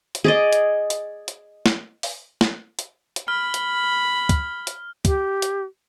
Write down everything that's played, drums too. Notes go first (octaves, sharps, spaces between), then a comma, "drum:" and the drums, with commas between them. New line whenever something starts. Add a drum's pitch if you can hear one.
drum: hi-hat
G#4 D5 D#5
drum: hi-hat
drum: hi-hat
drum: hi-hat
drum: snare
drum: open hi-hat
drum: snare
drum: hi-hat
drum: hi-hat
B5 F6
drum: hi-hat
drum: kick, hi-hat
drum: hi-hat
G4, drum: kick, hi-hat
drum: hi-hat